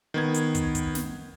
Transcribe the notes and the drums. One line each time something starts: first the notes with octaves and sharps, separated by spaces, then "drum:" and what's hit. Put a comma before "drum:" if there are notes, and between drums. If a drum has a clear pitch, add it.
D#3 B3 G#6
drum: hi-hat
drum: kick, hi-hat
drum: kick, hi-hat
drum: snare